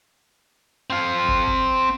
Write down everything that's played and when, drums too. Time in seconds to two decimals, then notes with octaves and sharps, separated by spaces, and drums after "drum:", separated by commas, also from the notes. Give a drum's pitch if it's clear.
0.90 C4 F5
1.28 drum: kick
1.48 drum: kick